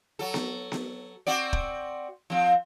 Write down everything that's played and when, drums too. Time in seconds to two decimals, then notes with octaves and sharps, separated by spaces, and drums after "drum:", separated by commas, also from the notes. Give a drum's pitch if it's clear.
0.19 F#3 A4
0.34 drum: snare B3
0.72 drum: snare B3
1.27 C4 F#4 D5
1.53 drum: kick
2.30 F3 C4